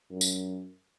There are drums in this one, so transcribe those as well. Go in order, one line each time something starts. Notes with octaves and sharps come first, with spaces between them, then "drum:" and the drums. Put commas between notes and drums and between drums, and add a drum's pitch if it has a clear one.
F#2
drum: tambourine